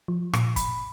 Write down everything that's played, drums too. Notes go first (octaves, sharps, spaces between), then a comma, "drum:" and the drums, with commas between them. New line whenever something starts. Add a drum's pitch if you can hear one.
F3
A#2, drum: rim click
B5, drum: kick, hi-hat